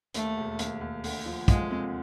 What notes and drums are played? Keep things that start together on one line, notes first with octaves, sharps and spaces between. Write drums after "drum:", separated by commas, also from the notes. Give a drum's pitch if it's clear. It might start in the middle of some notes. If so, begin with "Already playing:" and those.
D#2 A3, drum: hi-hat
E1
D#2, drum: hi-hat
D#2
D2, drum: open hi-hat
F3
F3 G#3, drum: kick, hi-hat
C3